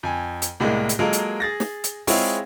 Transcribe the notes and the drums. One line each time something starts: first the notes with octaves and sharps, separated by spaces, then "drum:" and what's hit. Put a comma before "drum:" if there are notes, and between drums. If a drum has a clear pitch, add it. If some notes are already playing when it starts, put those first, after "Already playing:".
F2 G#5
drum: hi-hat
C2 A2 G#3 A#3
drum: hi-hat
F#3 G#3 A#3 F4 A4 A#4
drum: hi-hat
G#4 A6 A#6
drum: snare
drum: hi-hat
G#3 C4 E4 F4 G#4 C#5, drum: open hi-hat